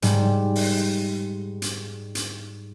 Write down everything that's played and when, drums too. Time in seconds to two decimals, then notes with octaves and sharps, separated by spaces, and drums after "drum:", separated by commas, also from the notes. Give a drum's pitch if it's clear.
0.02 G#2 G3, drum: hi-hat
0.55 drum: open hi-hat
1.62 drum: hi-hat
2.15 drum: hi-hat